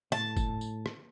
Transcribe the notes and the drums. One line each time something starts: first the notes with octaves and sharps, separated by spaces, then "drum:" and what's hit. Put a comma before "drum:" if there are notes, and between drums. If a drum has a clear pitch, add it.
A2 A5, drum: rim click
drum: kick, tambourine
drum: tambourine
drum: rim click